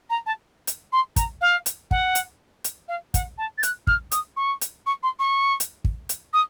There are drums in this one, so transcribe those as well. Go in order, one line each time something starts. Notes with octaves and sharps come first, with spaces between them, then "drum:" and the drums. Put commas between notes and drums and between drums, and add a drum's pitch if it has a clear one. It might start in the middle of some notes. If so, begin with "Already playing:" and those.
A#5
A5
drum: hi-hat
C6
A#5, drum: kick, hi-hat
F5
drum: hi-hat
F#5, drum: kick
drum: hi-hat
drum: hi-hat
F5
F#5, drum: kick, hi-hat
A5
A6
F#6, drum: hi-hat
F6, drum: kick
D#6, drum: hi-hat
C#6
drum: hi-hat
C#6
C6
C#6
drum: hi-hat
drum: kick
drum: hi-hat
D#6